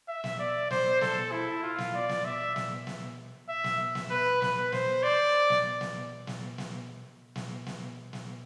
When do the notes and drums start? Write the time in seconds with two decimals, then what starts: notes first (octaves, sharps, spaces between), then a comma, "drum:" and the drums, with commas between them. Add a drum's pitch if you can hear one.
0.08 E5
0.24 drum: snare
0.39 D5
0.70 C5, drum: snare
1.01 A4, drum: snare
1.31 E4
1.63 F4
1.78 drum: snare
1.94 D5
2.09 drum: snare
2.25 E5
2.56 drum: snare
2.87 drum: snare
3.49 E5
3.64 drum: snare
3.95 drum: snare
4.10 B4
4.42 B4, drum: snare
4.72 C5, drum: snare
5.03 D5
5.50 drum: snare
5.81 drum: snare
6.27 drum: snare
6.58 drum: snare
7.36 drum: snare
7.66 drum: snare
8.13 drum: snare